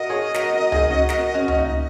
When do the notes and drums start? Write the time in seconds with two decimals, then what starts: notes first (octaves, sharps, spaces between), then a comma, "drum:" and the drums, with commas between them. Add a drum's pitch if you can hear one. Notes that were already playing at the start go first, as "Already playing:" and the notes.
Already playing: F#4 A#4 D#5
0.10 G#4 C#5
0.34 F#4 A#4, drum: snare
0.53 F#4 A#4
0.72 D#4 G#4, drum: tom C#2
0.90 C#4 F#4
1.09 F#4 A#4, drum: snare
1.34 C#4 F#4
1.48 C#4, drum: tom C#2
1.59 D#4